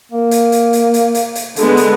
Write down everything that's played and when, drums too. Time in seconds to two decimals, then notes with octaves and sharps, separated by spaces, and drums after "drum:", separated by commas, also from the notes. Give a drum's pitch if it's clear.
0.12 A#3
0.31 drum: hi-hat
0.52 drum: hi-hat
0.73 drum: hi-hat
0.94 drum: hi-hat
1.15 drum: hi-hat
1.35 drum: hi-hat
1.56 D3 G#3 B3 A4, drum: hi-hat
1.77 drum: hi-hat